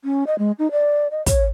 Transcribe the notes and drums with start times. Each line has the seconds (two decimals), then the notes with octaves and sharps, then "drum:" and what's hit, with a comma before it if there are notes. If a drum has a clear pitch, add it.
0.04 C#4
0.27 D#5
0.38 G#3
0.59 D#4
0.71 D5
1.11 D#5
1.26 C#5, drum: kick, hi-hat